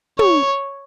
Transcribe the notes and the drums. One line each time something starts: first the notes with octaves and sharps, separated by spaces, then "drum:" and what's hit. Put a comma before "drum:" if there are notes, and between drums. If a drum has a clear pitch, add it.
C#5, drum: tom